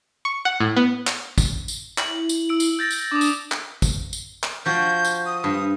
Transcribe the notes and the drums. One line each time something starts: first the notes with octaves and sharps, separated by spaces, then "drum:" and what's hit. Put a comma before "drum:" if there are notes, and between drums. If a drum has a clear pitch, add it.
C#6
F#5
A2
B3
drum: clap
drum: kick, tambourine
drum: tambourine
E4 F#7, drum: clap
drum: tambourine
E6 D7
drum: tambourine
G6 A6 A#6
drum: tambourine
D4 D6 D#6
drum: tambourine
drum: clap
drum: kick, tambourine
drum: tambourine
drum: clap
F3 F#4 G6
drum: tambourine
D#6
G2